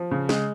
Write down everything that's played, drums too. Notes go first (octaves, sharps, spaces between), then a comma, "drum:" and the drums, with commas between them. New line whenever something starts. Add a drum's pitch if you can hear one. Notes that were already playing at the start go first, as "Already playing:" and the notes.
Already playing: F3
C#3
G#3, drum: snare